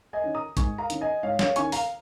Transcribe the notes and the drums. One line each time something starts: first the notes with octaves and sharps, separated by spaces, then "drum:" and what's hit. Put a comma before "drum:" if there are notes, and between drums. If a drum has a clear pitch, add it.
D#5 G#5
D#3 C#4
A#5 D#6
G#2 G#5 C#6, drum: kick, hi-hat
F5 A#5
D#3 C#4, drum: hi-hat
D#5 G#5
G#2 C#5 F5
C#5 F5, drum: snare
D#3 C#4 G#5 C#6, drum: hi-hat
F5 A#5, drum: open hi-hat